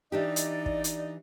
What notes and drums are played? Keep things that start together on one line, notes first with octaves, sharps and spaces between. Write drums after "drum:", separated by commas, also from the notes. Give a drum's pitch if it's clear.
E3 D4 D#4 G4 D5 D#5
drum: hi-hat
drum: kick
drum: hi-hat